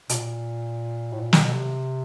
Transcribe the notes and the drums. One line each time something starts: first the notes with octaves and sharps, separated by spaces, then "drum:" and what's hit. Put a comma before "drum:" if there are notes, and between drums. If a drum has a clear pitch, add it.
B2, drum: hi-hat
A#2
A2
A#2
B2, drum: snare
B2
C3